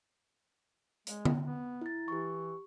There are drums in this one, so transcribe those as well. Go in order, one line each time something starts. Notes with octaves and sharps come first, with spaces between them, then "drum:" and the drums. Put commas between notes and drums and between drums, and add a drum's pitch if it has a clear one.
G#3, drum: hi-hat
drum: tom D3
B3
E4 A6
E3 G4 C#6